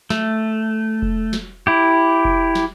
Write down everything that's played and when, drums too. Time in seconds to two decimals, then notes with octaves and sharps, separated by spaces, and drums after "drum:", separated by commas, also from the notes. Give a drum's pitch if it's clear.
0.10 A3, drum: snare
1.02 drum: kick F1
1.33 drum: snare
1.67 E4 G4
2.25 drum: kick F1
2.55 drum: snare